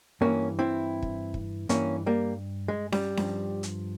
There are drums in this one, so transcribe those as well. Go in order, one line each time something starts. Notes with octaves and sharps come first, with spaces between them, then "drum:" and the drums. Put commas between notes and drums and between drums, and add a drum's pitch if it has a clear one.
G2 E3 A#3 C#4
C4 E4
drum: kick
drum: kick
G2 E3 A#3 C#4, drum: hi-hat
G3 A#3
G#3
G3, drum: snare C#4
G2 F3, drum: snare C#4
drum: hi-hat